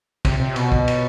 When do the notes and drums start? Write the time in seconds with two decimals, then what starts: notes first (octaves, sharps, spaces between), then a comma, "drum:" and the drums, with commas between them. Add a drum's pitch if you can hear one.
0.25 C3, drum: kick, cymbal
0.40 C3
0.56 B2, drum: cymbal
0.72 drum: kick
0.88 drum: cymbal